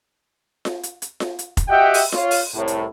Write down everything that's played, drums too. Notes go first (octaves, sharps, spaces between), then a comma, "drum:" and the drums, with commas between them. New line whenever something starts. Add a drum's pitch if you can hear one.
drum: snare F4
drum: hi-hat
drum: hi-hat
drum: snare F4
drum: hi-hat
drum: kick F1, hi-hat
F#4 G4 D#5 E5 F#5 G5
drum: open hi-hat
F4 C#5, drum: snare F4
drum: open hi-hat
C2 A2
drum: hi-hat